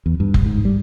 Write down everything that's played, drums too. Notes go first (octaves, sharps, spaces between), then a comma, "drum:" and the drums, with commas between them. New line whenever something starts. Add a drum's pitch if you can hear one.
E2
G2
F#1, drum: kick F1
G#2
G3